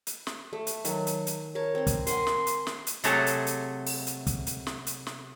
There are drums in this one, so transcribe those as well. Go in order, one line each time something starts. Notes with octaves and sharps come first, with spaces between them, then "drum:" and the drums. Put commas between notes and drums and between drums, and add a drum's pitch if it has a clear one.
drum: hi-hat
drum: snare
A3
drum: hi-hat
D#3 F#3 A4, drum: hi-hat
drum: hi-hat
drum: hi-hat
A#4 C#5 A5
C4 C6
drum: kick, hi-hat
A#4 F#5 G#5 C6, drum: hi-hat
drum: snare
drum: hi-hat
drum: snare
drum: hi-hat
C3 F#3 A3 F#4 G#4 A5, drum: hi-hat
drum: hi-hat
drum: hi-hat
drum: open hi-hat
drum: hi-hat
drum: kick, hi-hat
drum: hi-hat
drum: snare
drum: hi-hat
drum: snare